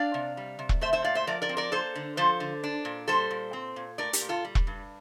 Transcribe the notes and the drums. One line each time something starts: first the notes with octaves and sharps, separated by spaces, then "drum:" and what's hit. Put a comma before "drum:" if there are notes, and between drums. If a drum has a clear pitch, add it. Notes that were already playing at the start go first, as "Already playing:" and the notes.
Already playing: D4 D5 F5
C3
G3
C3
drum: kick E1
A3 C5 E5
C5 E5
A#2 D5 F5
C5 E5
F3 A#4 D5
A#4 D5
C4
A#4 D5
A#3 A4 C5
D3
F3 A4 C5
D3
D4
A#2
G3 A4 C5
A#2
C4
A#2
A3 A#4 D5
G4 A#4, drum: hi-hat
A#2
F4 A4
G3
drum: kick E1
G2